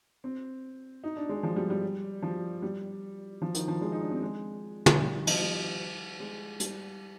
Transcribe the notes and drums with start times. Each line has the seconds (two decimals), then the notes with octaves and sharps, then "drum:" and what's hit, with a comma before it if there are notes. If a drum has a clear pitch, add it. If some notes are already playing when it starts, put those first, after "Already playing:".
0.24 C4
1.04 D#4
1.17 D4
1.29 G#3
1.43 F3
1.56 G3
1.70 G3
2.22 F3
2.62 G3
3.42 F3
3.55 D#3, drum: hi-hat
3.68 F3
3.81 G#3
3.92 D#4
4.01 D4
4.11 C4
4.22 G#3
4.86 drum: tom
4.96 F3
5.01 G3
5.15 D#3
5.27 F3, drum: cymbal
5.41 G3
6.20 G#3
6.60 G3, drum: hi-hat